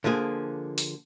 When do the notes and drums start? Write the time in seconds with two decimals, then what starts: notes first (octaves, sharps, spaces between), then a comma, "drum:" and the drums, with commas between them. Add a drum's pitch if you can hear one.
0.04 D3 F3 A#3 G#4
0.78 drum: open hi-hat